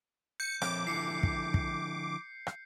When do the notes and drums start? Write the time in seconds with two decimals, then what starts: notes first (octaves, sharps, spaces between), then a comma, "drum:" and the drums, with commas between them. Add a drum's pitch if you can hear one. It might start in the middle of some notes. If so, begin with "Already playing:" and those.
0.40 G6 C#7
0.62 F3 C4 C#5 D6, drum: rim click
0.87 D3 F3 E4 C7 C#7
1.23 drum: kick
1.54 drum: kick
2.47 drum: rim click